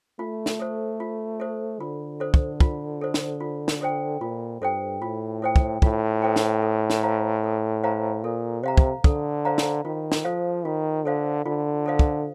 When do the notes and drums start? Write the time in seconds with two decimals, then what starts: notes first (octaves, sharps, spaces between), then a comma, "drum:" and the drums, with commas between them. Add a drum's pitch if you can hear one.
0.19 A3 F4
0.46 drum: snare
0.60 A4 C5
1.00 F4
1.40 A4 C5
1.80 D3 F4
2.20 A4 C5
2.34 drum: kick
2.60 F4, drum: kick
3.01 A4 C5
3.14 drum: snare
3.40 F4
3.68 drum: snare
3.81 A4 C5 G5
4.21 A#2 F4
4.61 G2 A4 C5 G5
5.02 A2 F4
5.42 A4 C5 G5
5.56 drum: kick
5.82 A2 F4, drum: kick
6.22 A4 C5 G5
6.36 drum: snare
6.62 A4
6.90 drum: snare
7.03 C5 F5 A#5
7.44 A4
7.84 C5 F5 A#5
8.24 A#2 A4
8.63 C3 C5 F5 A#5
8.78 drum: kick
9.04 D3 A4, drum: kick
9.45 C5 F5 A#5
9.58 drum: snare
9.85 D#3 F4
10.12 drum: snare
10.25 F3 A4 C5 F5
10.65 D#3 F4
11.05 D3 A4 C5 F5
11.45 D3 F4
11.86 A4 C5 F5
11.99 drum: kick